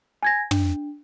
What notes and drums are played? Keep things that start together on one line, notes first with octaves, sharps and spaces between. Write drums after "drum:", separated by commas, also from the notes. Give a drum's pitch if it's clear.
G#5 G#6 A#6
D4, drum: tom